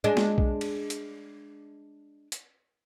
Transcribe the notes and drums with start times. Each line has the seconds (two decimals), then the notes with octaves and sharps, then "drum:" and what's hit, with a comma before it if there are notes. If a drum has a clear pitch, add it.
0.04 G#3 D4
0.17 drum: snare
0.38 drum: kick B1
0.61 drum: cymbal
0.90 drum: hi-hat
2.32 drum: hi-hat